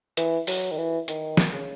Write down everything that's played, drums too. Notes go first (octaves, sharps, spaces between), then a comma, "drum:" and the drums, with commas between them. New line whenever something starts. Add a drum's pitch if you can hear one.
E3, drum: hi-hat
F#3, drum: open hi-hat
D#3
E3
D#3, drum: hi-hat
drum: snare
C#3